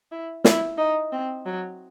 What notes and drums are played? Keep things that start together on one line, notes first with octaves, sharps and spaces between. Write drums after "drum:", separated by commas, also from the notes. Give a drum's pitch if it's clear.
E4
E4, drum: snare
D#4
C4
F#3